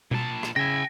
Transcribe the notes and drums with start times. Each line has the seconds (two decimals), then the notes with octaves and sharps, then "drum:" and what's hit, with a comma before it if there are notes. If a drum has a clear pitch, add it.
0.11 A#2 A5, drum: tom B2
0.43 drum: rim click
0.56 C#3 E4 G5 G#5 A#6